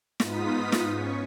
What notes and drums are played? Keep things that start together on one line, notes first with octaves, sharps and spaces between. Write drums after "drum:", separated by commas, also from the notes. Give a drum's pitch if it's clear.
G#2 B3 D#4 F4 D#6 B6, drum: snare
drum: snare
C#4 C#6